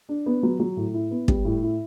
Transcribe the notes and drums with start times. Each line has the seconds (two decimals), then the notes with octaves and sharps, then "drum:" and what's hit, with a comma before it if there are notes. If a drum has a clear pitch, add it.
0.09 D4
0.26 B3
0.43 F#3
0.60 F#3
0.77 A2
0.94 E4
1.11 B3
1.28 G3, drum: kick
1.45 A2
1.63 E4